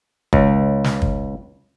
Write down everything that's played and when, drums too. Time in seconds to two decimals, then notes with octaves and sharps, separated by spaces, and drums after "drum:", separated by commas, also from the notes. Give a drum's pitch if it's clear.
0.33 C#2, drum: kick
0.84 drum: snare
1.02 drum: kick